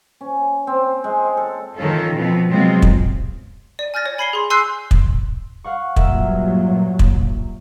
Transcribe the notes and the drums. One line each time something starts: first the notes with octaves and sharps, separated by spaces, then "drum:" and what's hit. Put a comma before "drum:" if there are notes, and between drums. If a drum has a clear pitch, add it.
C#4
C4
G#3
A4
D#3 E3 C#4 F4 A4
B2 F3 B3 C4
C3 F#3 G#3 B3 C4 F4
drum: kick
D5 D#7
G#5 F6 G6 A6 A#6
C#5
G#5 B5 G#6 C7 C#7 G7
G#4 C6
G#5 C6 E6 F#6 G6 C7
drum: kick
F5 F#5 C#6
G2 A#2 F#3 A#4 E5 E6, drum: kick
drum: kick